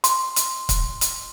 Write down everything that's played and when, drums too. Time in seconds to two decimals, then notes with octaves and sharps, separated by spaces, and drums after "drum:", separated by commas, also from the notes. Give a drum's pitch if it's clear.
0.04 C6, drum: hi-hat
0.36 drum: hi-hat
0.69 drum: kick, hi-hat
1.01 drum: hi-hat